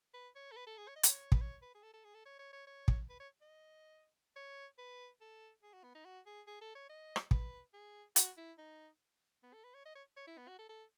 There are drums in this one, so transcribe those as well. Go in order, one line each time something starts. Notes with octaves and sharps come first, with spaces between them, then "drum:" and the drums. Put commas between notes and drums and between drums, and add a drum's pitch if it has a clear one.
B4
C#5
A4
B4
A4
G#4
C#5
D#5
C#5, drum: hi-hat
B4, drum: kick
C#5
B4
G#4
A4
A4
G#4
A4
C#5
C#5
C#5
C#5
drum: kick
B4
C#5
D#5
C#5
B4
A4
G#4
F#4
B3
D#4
F#4
G#4
G#4
A4
C#5
D#5
drum: rim click
B4, drum: kick
G#4
F#4, drum: hi-hat
E4
D#4
B3
A4
B4
C#5
D#5
C#5
C#5
E4
B3
F#4
A4
A4